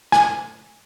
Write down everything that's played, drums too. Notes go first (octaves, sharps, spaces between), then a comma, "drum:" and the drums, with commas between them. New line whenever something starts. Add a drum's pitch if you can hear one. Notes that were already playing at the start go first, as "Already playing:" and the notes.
G#5, drum: snare